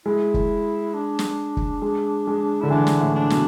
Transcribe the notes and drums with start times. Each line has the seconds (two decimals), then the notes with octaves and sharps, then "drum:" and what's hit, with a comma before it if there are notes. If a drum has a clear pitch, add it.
0.06 G#3 E4
0.34 drum: kick
0.94 D4
1.19 drum: snare
1.57 drum: kick
1.82 G#3
2.27 G#3
2.61 D3 E4
2.70 E3 D4
2.87 drum: snare
3.01 A2
3.15 D4
3.30 B2, drum: snare